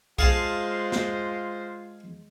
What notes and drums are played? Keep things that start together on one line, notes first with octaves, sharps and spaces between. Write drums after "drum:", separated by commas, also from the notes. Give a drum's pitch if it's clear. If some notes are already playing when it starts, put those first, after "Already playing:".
G#3 F4 G#4 C5 F5 A5, drum: kick B1
drum: snare